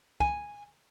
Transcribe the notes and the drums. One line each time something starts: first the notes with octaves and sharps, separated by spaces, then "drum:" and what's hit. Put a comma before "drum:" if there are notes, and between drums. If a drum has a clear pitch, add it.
G#5, drum: kick